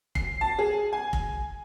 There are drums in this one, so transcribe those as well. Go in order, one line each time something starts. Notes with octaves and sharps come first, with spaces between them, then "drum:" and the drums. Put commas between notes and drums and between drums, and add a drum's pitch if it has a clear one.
C7, drum: kick F1
A5
G#4
G#5
drum: kick F1